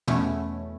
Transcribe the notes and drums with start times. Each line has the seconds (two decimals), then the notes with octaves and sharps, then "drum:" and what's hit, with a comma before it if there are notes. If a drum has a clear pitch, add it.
0.07 E2 B2 A3 C#4 E4, drum: tom